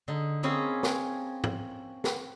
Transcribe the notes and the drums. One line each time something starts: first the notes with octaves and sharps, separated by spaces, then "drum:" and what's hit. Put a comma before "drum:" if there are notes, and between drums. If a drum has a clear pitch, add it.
D3 D#4
A#3 C4 C#4 G#4 B5
drum: snare
drum: tom
drum: snare